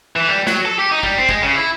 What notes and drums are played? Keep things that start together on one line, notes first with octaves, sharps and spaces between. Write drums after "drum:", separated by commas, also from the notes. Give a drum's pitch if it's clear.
E3
G3
F#3, drum: snare
A4
G4
D#4
G3, drum: kick
C4
G#3, drum: kick
C#3
E4